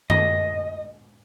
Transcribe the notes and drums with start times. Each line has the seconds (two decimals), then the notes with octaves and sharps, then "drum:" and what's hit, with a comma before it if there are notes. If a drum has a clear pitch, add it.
0.10 D#5, drum: tom